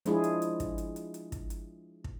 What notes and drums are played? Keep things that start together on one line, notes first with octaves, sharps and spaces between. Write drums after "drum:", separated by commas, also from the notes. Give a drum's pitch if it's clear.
F3 G#3 D4 E4 F4 G#4, drum: hi-hat
drum: hi-hat
drum: hi-hat
drum: kick, hi-hat
drum: hi-hat
drum: hi-hat
drum: hi-hat
drum: kick, hi-hat
drum: hi-hat
drum: kick